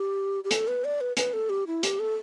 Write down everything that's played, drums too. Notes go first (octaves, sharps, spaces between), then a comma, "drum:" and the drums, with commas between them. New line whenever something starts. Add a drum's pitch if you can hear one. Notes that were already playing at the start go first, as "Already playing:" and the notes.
Already playing: G4
G4
A4, drum: hi-hat
B4
D5
B4
B4, drum: hi-hat
A4
G4
E4
G4, drum: hi-hat
A4